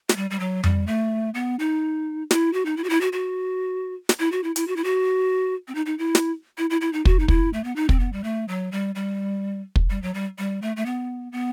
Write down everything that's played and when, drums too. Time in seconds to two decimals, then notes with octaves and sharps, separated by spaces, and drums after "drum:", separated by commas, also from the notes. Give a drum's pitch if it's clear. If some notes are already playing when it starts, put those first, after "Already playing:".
0.09 A3, drum: snare
0.16 G3
0.30 G3
0.40 F#3
0.64 G3, drum: tom F2
0.87 A3
1.34 B3
1.59 D#4
2.31 E4, drum: snare
2.53 F#4
2.65 D#4
2.77 E4
2.84 F#4
2.90 E4
3.01 F#4
3.13 F#4
4.09 drum: snare
4.19 E4
4.32 F#4
4.44 E4
4.56 E4, drum: hi-hat
4.68 F#4
4.76 E4
4.84 F#4
5.68 C4
5.75 D#4
5.86 D#4
5.99 E4
6.15 drum: snare
6.58 E4
6.70 E4
6.81 E4
6.93 D#4
7.05 F#4, drum: kick
7.19 D#4
7.28 E4, drum: kick
7.53 A3
7.64 B3
7.76 D#4
7.89 C4, drum: kick
8.00 B3
8.13 G3
8.24 A3
8.48 F#3
8.72 G3
8.95 G3
9.76 drum: kick
9.90 G3
10.03 F#3
10.14 G3
10.38 G3
10.62 A3
10.77 A3
10.86 B3
11.32 B3